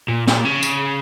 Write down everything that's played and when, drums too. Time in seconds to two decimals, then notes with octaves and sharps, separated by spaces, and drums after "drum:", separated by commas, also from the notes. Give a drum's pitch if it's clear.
0.08 A#2
0.27 A#2, drum: snare
0.45 C#3
0.63 drum: tambourine